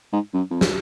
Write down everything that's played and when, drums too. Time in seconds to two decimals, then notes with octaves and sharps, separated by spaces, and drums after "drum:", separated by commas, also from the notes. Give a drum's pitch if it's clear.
0.13 G#2
0.34 F#2
0.51 F2
0.61 drum: snare